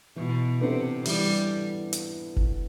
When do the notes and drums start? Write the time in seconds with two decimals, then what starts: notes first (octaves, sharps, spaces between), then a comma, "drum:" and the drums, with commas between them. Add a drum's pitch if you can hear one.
0.16 B2 E3
0.61 C3 B3 D4 A4
1.05 E3 G3, drum: open hi-hat
1.93 drum: hi-hat
2.36 drum: kick F1